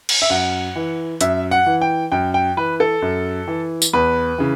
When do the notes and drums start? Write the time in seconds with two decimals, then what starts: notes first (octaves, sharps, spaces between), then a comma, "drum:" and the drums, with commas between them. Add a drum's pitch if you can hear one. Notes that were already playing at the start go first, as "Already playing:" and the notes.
0.09 drum: cymbal
0.22 E5
0.30 F#2 F#5
0.76 E3
1.21 F#2 E5, drum: hi-hat
1.51 F#5
1.66 E3
1.81 G5
2.12 F#2 G5
2.34 G5
2.57 E3 B4
2.80 A4
3.02 F#2
3.47 E3
3.82 drum: tambourine
3.93 E2 B4
4.38 C#3 E3